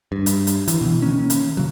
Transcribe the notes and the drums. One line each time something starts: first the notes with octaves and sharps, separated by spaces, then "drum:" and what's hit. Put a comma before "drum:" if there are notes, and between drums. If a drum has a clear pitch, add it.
G2
drum: hi-hat
drum: hi-hat
E3, drum: hi-hat
B2 E3
D#3 A#3 C#4
drum: hi-hat
C#3 F#3